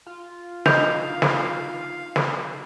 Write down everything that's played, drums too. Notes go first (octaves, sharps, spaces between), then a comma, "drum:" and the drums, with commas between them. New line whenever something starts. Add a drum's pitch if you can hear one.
F4
D4 D#4 F5 G6 F7, drum: snare
drum: snare
drum: snare